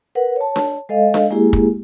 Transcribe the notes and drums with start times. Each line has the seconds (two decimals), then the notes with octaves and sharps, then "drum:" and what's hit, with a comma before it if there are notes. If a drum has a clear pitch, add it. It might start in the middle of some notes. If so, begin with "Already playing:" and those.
0.15 A#4 B4 F#5
0.36 C#5 A5
0.56 drum: snare D4
0.89 G#3 A4 D#5 F5
1.14 drum: snare D4
1.30 G#3 A#3 E4 G4 G#4
1.53 drum: kick